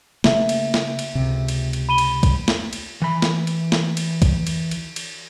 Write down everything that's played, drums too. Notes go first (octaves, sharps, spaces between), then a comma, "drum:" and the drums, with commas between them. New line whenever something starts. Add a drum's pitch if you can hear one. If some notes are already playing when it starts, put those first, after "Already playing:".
C#3 A3 A#3 E5, drum: snare
drum: cymbal
drum: snare
drum: cymbal
C#2 C3
drum: cymbal
drum: cymbal
B5 D#7 G7
drum: cymbal
drum: kick, cymbal
drum: snare
drum: cymbal
E3 B5
drum: snare
drum: cymbal
drum: snare
drum: cymbal
drum: kick, cymbal
drum: cymbal
drum: cymbal
drum: cymbal